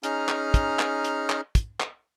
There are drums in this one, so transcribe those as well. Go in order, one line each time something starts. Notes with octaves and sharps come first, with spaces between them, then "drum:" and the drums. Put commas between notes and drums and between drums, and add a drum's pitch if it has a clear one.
C#4 D#4 G#4 A#5 F6, drum: hi-hat
drum: clap
drum: kick, hi-hat
drum: clap
drum: hi-hat
drum: clap
drum: kick, hi-hat
drum: clap